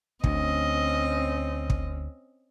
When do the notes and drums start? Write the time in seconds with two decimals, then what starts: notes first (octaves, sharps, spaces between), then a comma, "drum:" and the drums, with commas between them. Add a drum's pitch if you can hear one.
0.24 D2 C4 C#4 D#5, drum: kick
1.70 drum: kick